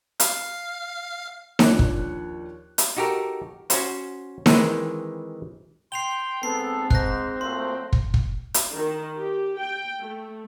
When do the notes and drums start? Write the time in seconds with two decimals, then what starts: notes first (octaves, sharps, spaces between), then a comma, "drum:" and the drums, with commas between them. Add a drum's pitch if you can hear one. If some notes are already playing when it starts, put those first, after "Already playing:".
0.20 F5, drum: hi-hat
1.59 D#2 F3 D4 C#5 D6 F#6, drum: snare D#4
1.79 drum: kick
2.78 drum: hi-hat
2.97 D#4 F#4 G4 A4 A#4
3.70 C#4 F#4 C5, drum: hi-hat
4.46 D#3 E3 G#3 C4 B4 C5, drum: snare D#4
5.92 G5 C6 C7 F7 G7
6.43 G#2 B3 C4 A4 C7
6.90 G#2 C5 F#6 A#6, drum: kick
7.41 A#2 F#3 A3 C6
7.93 drum: kick
8.14 drum: kick
8.54 drum: hi-hat
8.73 D#3
9.18 G4
9.59 G5
10.00 A3